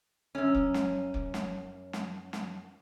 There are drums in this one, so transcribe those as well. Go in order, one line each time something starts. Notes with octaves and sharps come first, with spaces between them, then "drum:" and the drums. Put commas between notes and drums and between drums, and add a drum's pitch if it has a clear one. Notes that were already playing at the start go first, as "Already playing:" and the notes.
F#2 C#4
drum: kick F1
drum: snare
drum: kick F1
drum: snare
drum: snare
drum: snare